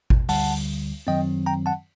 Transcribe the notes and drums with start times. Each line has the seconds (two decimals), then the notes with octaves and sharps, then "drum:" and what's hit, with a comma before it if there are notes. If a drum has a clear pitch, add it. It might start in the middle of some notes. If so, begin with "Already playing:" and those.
0.10 drum: kick G#1
0.29 D2 D3 G3 F#5 A5, drum: open hi-hat
1.07 F#2 D#3 F#3 C4 D#5 G5
1.46 G5 A#5
1.66 F#5 A5